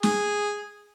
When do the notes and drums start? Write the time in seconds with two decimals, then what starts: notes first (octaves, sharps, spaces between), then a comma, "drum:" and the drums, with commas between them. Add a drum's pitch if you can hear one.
0.03 G#4, drum: snare